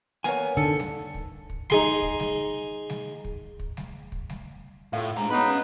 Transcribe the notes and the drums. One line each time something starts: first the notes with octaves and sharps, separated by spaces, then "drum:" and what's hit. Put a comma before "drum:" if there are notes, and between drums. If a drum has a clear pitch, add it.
A#3 B3 A#4 C#5 G#5
D3 D#4 A4 A5 C#7
drum: snare
drum: kick
drum: kick
D#4 G#4 C6, drum: snare
drum: kick
drum: snare
drum: snare
drum: kick
drum: kick
drum: snare
drum: kick
drum: snare
A2 F4 A4 F5
G#3 D4 G#4 C5 A#5
B3 D#4 F#4 B4 C#5 F5 B5
C#4